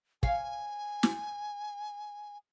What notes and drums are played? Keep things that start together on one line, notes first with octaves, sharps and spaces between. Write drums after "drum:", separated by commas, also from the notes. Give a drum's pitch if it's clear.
C#5 F5 G#5, drum: kick
drum: snare